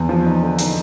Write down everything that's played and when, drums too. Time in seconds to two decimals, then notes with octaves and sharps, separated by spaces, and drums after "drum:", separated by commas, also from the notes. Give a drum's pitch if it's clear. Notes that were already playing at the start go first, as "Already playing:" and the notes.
Already playing: E2
0.09 F3
0.26 D#4
0.42 D3
0.59 D#4, drum: hi-hat